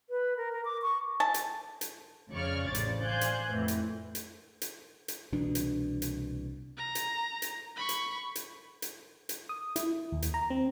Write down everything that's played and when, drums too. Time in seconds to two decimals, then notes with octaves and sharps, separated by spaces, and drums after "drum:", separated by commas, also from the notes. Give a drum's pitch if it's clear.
0.10 B4
0.37 A#4
0.53 A#4
0.65 D6
0.82 C#6
1.20 A5
1.34 drum: hi-hat
1.81 drum: hi-hat
2.32 F2 C#3 C#5 D5 C#6 F6
2.65 A1 C#3 C5 D5 A6
2.75 drum: hi-hat
3.02 C5 D5 F5 G#5 F#6 G6
3.21 drum: hi-hat
3.49 F2 A2 E3
3.68 drum: hi-hat
4.15 drum: hi-hat
4.62 drum: hi-hat
5.08 drum: hi-hat
5.32 C2 B2 E3 D4
5.55 drum: hi-hat
6.02 drum: hi-hat
6.77 A#5
6.95 drum: hi-hat
7.42 drum: hi-hat
7.76 B5 C#6
7.89 drum: hi-hat
8.35 drum: hi-hat
8.82 drum: hi-hat
9.29 drum: hi-hat
9.49 D#6
9.76 E4, drum: hi-hat
10.12 D#2
10.22 drum: hi-hat
10.34 A#5
10.50 C4